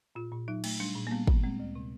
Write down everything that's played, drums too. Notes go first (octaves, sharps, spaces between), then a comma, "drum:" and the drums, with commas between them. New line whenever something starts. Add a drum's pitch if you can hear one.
A#2 F4
A#2
F#3 D#4
A3, drum: cymbal
G3 D4
A#2
A#3
G3 B3
A#2, drum: kick
G#3 C4
D2
C3